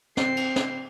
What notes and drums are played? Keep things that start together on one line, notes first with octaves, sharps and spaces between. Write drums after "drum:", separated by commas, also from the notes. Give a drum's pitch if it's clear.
C4 C7, drum: snare
drum: cymbal
drum: snare